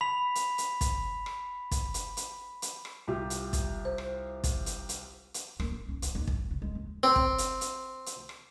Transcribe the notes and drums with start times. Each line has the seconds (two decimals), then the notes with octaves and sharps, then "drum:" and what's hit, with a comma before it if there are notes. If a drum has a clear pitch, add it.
0.01 B5 B6 F7
0.35 drum: hi-hat
0.58 drum: hi-hat
0.81 drum: kick, hi-hat
1.26 drum: rim click
1.71 drum: kick, hi-hat
1.94 drum: hi-hat
2.17 drum: hi-hat
2.62 drum: hi-hat
2.85 drum: rim click
3.07 C2 F4 G4
3.30 drum: hi-hat
3.53 drum: kick, hi-hat
3.85 C5
3.98 drum: rim click
4.44 drum: kick, hi-hat
4.66 drum: hi-hat
4.89 drum: hi-hat
5.34 drum: hi-hat
5.60 A#3, drum: rim click
5.71 A#1
5.88 C#4
6.02 E3, drum: hi-hat
6.15 D#2
6.27 G1, drum: kick
6.51 C#3
6.62 G#3
6.75 D#2
7.03 C4
7.16 drum: kick
7.38 drum: hi-hat
7.61 drum: hi-hat
8.06 drum: hi-hat
8.29 drum: rim click